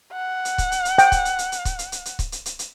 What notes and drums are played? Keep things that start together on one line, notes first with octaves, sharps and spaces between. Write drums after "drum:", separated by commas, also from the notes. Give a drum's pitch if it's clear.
F#5
drum: hi-hat
drum: kick C#1, hi-hat
drum: hi-hat
drum: hi-hat
G5, drum: hi-hat
drum: kick C#1, hi-hat
drum: hi-hat
drum: hi-hat
drum: hi-hat
drum: kick C#1, hi-hat
drum: hi-hat
drum: hi-hat
drum: hi-hat
drum: kick C#1, hi-hat
drum: hi-hat
drum: hi-hat
drum: hi-hat